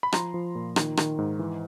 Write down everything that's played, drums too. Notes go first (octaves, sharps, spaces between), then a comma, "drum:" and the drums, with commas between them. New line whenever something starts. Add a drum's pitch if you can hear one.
B5
F3 A#5 C6, drum: rim click
F3
A#2
D#3, drum: rim click
D#3, drum: rim click
G#2
E3